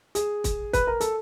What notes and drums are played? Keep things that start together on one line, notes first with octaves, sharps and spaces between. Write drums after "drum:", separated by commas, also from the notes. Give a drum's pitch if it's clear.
G#4, drum: hi-hat
drum: kick, hi-hat
B4, drum: kick, hi-hat
A#4
A4, drum: hi-hat